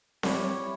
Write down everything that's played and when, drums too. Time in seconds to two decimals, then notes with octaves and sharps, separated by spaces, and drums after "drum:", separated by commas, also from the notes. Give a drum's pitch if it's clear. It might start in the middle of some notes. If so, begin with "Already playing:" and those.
0.23 G3 E4 G4 C#5, drum: snare C4